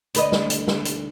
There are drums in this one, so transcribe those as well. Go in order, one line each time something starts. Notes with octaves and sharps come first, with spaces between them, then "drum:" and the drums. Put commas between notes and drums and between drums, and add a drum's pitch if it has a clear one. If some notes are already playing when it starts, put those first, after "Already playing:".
D2 B4 D#5, drum: hi-hat
drum: snare
drum: hi-hat
drum: snare
drum: hi-hat